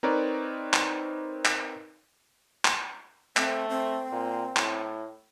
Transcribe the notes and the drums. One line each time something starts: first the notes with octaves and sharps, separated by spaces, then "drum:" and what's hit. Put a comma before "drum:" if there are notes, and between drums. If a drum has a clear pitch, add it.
C4 D#4 A#4 B4 C#5 D5
drum: clap
drum: clap
drum: clap
A3 C4, drum: clap
C4
A#2
A2, drum: clap